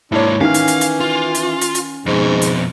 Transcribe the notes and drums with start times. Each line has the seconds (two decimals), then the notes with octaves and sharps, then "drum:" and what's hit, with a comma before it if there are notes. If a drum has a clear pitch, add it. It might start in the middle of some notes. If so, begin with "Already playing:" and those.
0.12 G#2 A#3 D4 E4 C#5
0.41 D#3 E3 C#4 F5 F6
0.54 drum: hi-hat
0.68 drum: hi-hat
0.81 drum: hi-hat
1.00 F4
1.35 drum: hi-hat
1.61 drum: hi-hat
1.75 drum: hi-hat
2.06 F2 G#2 B2
2.42 drum: hi-hat